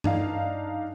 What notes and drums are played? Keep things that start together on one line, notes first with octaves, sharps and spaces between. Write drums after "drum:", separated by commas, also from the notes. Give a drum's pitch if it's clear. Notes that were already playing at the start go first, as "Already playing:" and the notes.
D4 D#4 F5, drum: tom G2